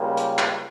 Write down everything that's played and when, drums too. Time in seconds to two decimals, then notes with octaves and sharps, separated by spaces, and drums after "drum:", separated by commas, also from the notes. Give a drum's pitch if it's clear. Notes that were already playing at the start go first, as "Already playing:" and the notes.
Already playing: C#2 C#3 G3 A#3
0.17 G4, drum: hi-hat
0.38 drum: clap